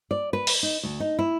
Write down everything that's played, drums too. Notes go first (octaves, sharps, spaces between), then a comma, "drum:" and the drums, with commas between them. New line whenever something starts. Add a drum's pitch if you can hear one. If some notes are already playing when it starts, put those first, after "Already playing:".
D5
B4
drum: open hi-hat
D#4
D2
D#4
E4